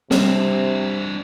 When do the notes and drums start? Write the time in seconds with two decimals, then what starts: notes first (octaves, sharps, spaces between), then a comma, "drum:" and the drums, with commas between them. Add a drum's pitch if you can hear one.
0.11 C3 G3 C4 D4, drum: snare